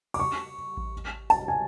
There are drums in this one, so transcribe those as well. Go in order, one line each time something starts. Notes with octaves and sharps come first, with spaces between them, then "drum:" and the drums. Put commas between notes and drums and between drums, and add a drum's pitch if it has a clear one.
D6, drum: cymbal
C#6
drum: kick A1
A5, drum: open hi-hat
G#5